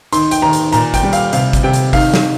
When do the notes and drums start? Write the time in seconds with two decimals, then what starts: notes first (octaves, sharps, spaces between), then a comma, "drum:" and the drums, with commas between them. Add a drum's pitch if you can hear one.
0.13 D#3 C6, drum: hi-hat
0.31 G5, drum: hi-hat
0.42 D#2 A#5
0.53 drum: hi-hat
0.73 A#2 A#5, drum: hi-hat
0.94 G5, drum: kick, hi-hat
1.03 G3
1.13 F5, drum: hi-hat
1.33 C3 F5, drum: hi-hat
1.53 drum: kick, hi-hat
1.63 C3 G5
1.73 drum: hi-hat
1.93 D#3 F5, drum: kick, open hi-hat
2.14 drum: snare